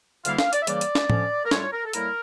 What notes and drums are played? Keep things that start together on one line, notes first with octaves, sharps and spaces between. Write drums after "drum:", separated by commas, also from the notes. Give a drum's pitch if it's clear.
D2 D3 G3 A#3 E4 F5, drum: hi-hat
F5, drum: snare
D5, drum: hi-hat
E5
C#3 E3 G3 A#3 D5, drum: hi-hat
drum: hi-hat
drum: snare
D3 F3 C#4, drum: tom A2
A#4
A2 G3 D4 F4 C#5, drum: snare
A#4
A4
A2 G3 A#3 E4 A#4, drum: hi-hat